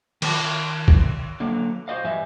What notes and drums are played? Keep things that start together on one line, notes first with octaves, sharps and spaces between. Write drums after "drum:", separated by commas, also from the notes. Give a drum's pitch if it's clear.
D#3 A#4 A5, drum: cymbal
drum: kick
D3 F#3 A#3
F#4 C5 D#5 F5
G2 E3 E5 G#5